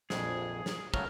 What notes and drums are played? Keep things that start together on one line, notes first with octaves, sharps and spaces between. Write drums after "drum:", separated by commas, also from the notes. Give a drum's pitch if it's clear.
A#1 F2 G#4, drum: snare
drum: snare
C#3 F#3 A3 A#4, drum: kick